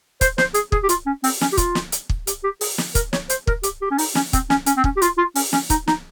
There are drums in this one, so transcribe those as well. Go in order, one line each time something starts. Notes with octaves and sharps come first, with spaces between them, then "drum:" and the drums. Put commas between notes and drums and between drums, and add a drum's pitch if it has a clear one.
C5, drum: kick, hi-hat
C5, drum: snare
G#4, drum: hi-hat
G#4, drum: kick
G4
F4, drum: hi-hat
C#4
C4, drum: open hi-hat
C#4, drum: snare
G4
F4, drum: kick, hi-hat
drum: snare
drum: hi-hat
drum: kick
G4, drum: hi-hat
G4
G#4, drum: open hi-hat
drum: snare
A#4, drum: kick, hi-hat
C#5, drum: snare
C5, drum: hi-hat
A#4, drum: kick
G4, drum: hi-hat
G4
C#4
D#4, drum: open hi-hat
C#4, drum: snare
C4, drum: kick, hi-hat
C#4, drum: snare
C#4, drum: hi-hat
C4
C#4, drum: kick
G4
F4, drum: hi-hat
F4
C#4, drum: open hi-hat
C#4, drum: snare
D#4, drum: kick, hi-hat
D#4, drum: snare